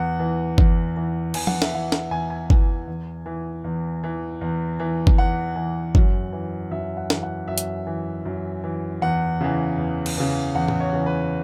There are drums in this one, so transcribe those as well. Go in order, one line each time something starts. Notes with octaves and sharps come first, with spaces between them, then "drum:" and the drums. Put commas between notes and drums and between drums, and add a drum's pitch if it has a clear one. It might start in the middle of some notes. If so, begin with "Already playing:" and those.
Already playing: E2 F#5
E3
E2, drum: kick G1
E3
E2 G#5, drum: cymbal
F#5, drum: tom F3
E5, drum: snare
E3 F#5
drum: snare
E2 G#5
G#5
E3, drum: kick G1
E2
E3
E2
E3
E2
E3
drum: kick G1
E2 F#5
E3
F#2, drum: kick G1
E3
F#2 E5
F#5
E3, drum: snare
F#5
F#2 E5
drum: hi-hat
E3
F#2
E3
E2 F#5
C#3 E3
E2
drum: cymbal
C#3 E3
E2 F#5
drum: tom A2
C#5
C#3 E3
B4